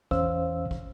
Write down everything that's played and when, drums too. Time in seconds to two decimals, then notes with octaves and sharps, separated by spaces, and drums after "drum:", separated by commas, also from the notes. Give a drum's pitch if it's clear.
0.11 E2 E3 C#4 C5 F5 E6, drum: kick
0.71 drum: kick